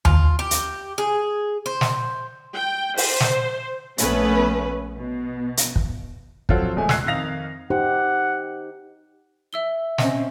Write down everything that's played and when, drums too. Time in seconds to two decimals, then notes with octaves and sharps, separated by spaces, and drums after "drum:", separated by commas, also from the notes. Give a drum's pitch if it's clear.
0.05 F4, drum: tom D#2
0.39 G4
0.51 drum: hi-hat
0.98 G#4
1.66 C5
1.81 drum: snare
2.55 G5
2.97 C5, drum: open hi-hat
3.20 drum: snare
3.98 A#1 A3 B3 C#4 B4, drum: hi-hat
4.97 B2
5.57 drum: hi-hat
5.76 drum: kick
6.49 F3 F#3 C4 F4 F#4 A4, drum: kick
6.76 D#1 G#3 A3 G#5
6.89 E6 F#6 G#6 C7, drum: snare
7.06 F2 D#3 D#4 F5 A#6 F7
7.70 D#4 G4 C5 F#5
9.53 E5 E6 G7
9.98 C4 C#4 D#5, drum: snare